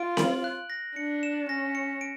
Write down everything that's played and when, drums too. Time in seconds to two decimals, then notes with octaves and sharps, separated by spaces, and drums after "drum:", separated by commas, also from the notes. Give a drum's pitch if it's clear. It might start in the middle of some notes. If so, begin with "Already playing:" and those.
Already playing: F4 D7
0.17 F#7, drum: snare C4
0.44 F#6
0.70 A#6
0.96 D4 C#7
1.23 E7
1.49 C#4 A#6
1.75 C#7
2.01 D7